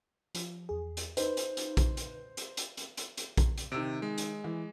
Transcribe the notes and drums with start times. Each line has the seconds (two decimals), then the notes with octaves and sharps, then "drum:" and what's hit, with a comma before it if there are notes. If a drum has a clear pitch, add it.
0.35 F3, drum: hi-hat
0.69 E2 G#4
0.97 drum: hi-hat
1.17 D#4 B4 C5, drum: hi-hat
1.37 drum: hi-hat
1.57 drum: hi-hat
1.77 drum: kick A#1, hi-hat
1.97 drum: hi-hat
2.37 drum: hi-hat
2.57 drum: hi-hat
2.77 drum: hi-hat
2.97 drum: hi-hat
3.17 drum: hi-hat
3.37 drum: kick A#1, hi-hat
3.58 drum: hi-hat
3.72 C3 D#3 E6 D7
4.02 G#3
4.18 drum: hi-hat
4.44 E3